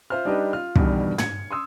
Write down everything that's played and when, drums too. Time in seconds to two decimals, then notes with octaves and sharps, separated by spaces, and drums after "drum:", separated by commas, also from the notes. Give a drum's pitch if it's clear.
0.10 F4 C5 E5 F6
0.25 G3 D4 D#4 G4 B4 D#5
0.53 F4 F6
0.76 E2 G2 B2 D3 D#3 G3, drum: kick
1.18 G#6 C#7, drum: tom
1.51 C6 D#6 E6